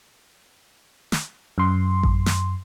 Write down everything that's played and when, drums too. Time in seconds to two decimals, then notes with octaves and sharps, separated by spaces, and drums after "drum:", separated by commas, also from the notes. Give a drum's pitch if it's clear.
1.12 drum: snare
1.58 F#2 C6
2.03 drum: kick A1
2.26 drum: snare